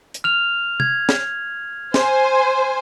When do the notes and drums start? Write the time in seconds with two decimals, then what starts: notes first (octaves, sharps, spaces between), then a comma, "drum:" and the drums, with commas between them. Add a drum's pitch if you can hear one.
0.14 drum: hi-hat
0.24 F6 F7
0.80 G#6, drum: tom C3
1.09 drum: snare
1.94 C5 G#5, drum: snare